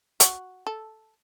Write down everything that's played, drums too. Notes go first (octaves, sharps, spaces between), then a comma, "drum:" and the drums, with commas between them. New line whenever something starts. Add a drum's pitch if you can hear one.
F#4, drum: hi-hat
A4